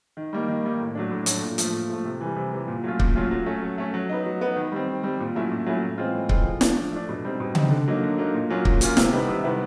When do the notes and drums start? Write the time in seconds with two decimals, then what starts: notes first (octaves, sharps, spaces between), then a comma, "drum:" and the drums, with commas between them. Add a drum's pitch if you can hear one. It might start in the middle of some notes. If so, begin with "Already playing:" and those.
0.17 D#3
0.33 G3 A#3 D#4
0.48 D#3
0.64 G3 A#3 D#4
0.79 A2
0.95 F#3 A3 D4
1.11 A2
1.26 F#3 A3 D4, drum: hi-hat
1.43 A#2
1.58 F3 A3, drum: hi-hat
1.74 A#2
1.90 F3 A3
2.05 C3
2.21 E3 G3
2.36 C3
2.53 E3 G3
2.68 A#2
2.84 F#3 A3 C#4 F4
3.00 A#2, drum: kick C#1
3.16 F#3 A3 C#4 F4
3.31 F#3
3.46 A3 C#4
3.62 F#3
3.78 A3 C#4
3.94 F#3
4.09 B3 D#4
4.26 F#3
4.41 B3 D#4
4.56 D#3
4.72 G3 C4
4.89 D#3
5.03 G3 C4
5.20 A#2
5.35 F#3 A3 C#4 E4
5.52 A#2
5.66 F#3 A3 C#4 E4
5.82 A2
5.98 E3 G#3 C4 F4
6.14 A2
6.29 E3 G#3 C4 F4, drum: kick C#1
6.45 F3
6.61 A3 D4, drum: snare
6.76 F3
6.92 A3 D4
7.09 B2
7.25 G3 C4 D#4
7.40 B2
7.55 G3 C4 D#4, drum: tom C#3
7.71 D3
7.88 F#3 A#3 D#4
8.03 D3
8.18 F#3 A#3 D#4
8.34 A#2
8.50 F#3 A#3 C#4 F4
8.65 A#2, drum: kick C#1
8.81 F#3 A#3 C#4 F4, drum: hi-hat
8.97 C3, drum: snare
9.12 D#3 G3 B3 E4
9.28 C3
9.44 D#3 G3 B3 E4